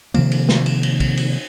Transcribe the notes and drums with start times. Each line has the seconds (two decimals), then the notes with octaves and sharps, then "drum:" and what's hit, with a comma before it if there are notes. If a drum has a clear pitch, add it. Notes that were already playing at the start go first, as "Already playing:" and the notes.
0.14 C3 D#3 F3 A#3, drum: cymbal
0.32 drum: cymbal
0.49 drum: snare
0.66 drum: cymbal
0.83 drum: cymbal
1.00 drum: kick, cymbal
1.17 drum: cymbal